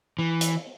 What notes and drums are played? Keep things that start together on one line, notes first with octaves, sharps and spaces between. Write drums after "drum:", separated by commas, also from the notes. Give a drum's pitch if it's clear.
E3
drum: hi-hat